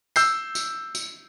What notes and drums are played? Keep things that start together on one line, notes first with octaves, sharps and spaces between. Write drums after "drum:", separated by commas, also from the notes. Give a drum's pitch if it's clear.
E6 G6 C7, drum: tambourine
drum: tambourine
drum: tambourine